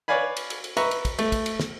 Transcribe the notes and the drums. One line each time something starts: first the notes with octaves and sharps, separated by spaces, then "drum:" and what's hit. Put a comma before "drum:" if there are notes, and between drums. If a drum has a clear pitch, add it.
B4 C#5 D5 F5 G#5 B5
drum: cymbal
drum: cymbal
drum: cymbal
B4 E5 A#5 C#6, drum: cymbal
drum: cymbal
drum: kick, cymbal
A3, drum: cymbal
drum: kick, cymbal
drum: cymbal
drum: snare